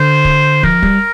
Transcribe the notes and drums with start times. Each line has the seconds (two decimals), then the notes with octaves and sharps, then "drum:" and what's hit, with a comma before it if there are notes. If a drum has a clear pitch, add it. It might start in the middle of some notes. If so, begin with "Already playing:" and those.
Already playing: D3 C5
0.25 drum: kick
0.63 F3 A#4, drum: kick
0.83 G3, drum: kick